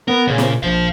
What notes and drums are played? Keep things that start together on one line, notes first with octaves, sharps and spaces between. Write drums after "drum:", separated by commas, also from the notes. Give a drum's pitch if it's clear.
B3 A#4
A#2 C#3
drum: snare
A#1 C5 F5